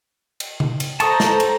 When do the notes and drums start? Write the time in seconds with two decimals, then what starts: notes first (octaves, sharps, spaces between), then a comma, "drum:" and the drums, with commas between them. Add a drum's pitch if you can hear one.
0.40 drum: cymbal
0.60 drum: tom C#3
0.80 drum: cymbal
1.00 A4 C5 A5 A#5 C#6 D#6, drum: cymbal
1.20 drum: snare
1.40 drum: cymbal